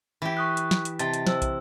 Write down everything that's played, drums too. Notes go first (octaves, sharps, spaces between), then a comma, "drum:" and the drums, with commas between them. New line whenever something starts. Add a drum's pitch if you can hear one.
E3 G4
C#6 D#6 F#6
drum: hi-hat
drum: snare
drum: hi-hat
C3 D#5 G5 A5 A6, drum: hi-hat
drum: hi-hat
C5 E6, drum: snare
drum: kick, hi-hat